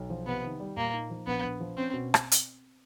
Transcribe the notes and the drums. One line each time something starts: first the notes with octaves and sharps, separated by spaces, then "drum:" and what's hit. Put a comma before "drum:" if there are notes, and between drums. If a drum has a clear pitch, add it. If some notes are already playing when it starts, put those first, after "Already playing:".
Already playing: B1
F3
C3 B3
D#3
G3
A#2 A#3
D#4
F3
A#1 B3
A#1
F3
C4 C#4
B2
drum: rim click
drum: hi-hat